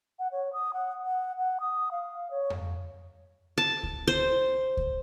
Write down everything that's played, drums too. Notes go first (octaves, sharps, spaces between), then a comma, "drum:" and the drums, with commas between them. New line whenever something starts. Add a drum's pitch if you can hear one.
F#5
C#5
D#6
F#5
F#5
F#5
D#6
F5
C#5
drum: tom F2
A5
drum: kick C#2
C5
drum: kick C#2